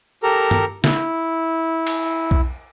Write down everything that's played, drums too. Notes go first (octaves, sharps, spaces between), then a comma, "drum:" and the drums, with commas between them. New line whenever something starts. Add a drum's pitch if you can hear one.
G4 A4 A#4 A#5
drum: tom G2
E4, drum: snare
drum: cymbal
drum: kick B1